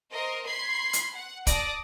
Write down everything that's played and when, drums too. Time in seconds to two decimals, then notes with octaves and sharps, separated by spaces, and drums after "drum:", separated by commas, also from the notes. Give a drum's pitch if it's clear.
0.11 A#4 C5 D#5 C6
0.47 B5 C6 G#6 C7
0.93 drum: hi-hat
1.14 F#5
1.47 D5 A5 D6 D#6 A#6, drum: kick, hi-hat